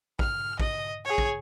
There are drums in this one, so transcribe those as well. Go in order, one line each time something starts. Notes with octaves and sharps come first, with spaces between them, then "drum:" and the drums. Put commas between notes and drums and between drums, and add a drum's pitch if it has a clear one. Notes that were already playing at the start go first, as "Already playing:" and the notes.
F6, drum: kick
D#5, drum: kick
G#4 C#5
drum: kick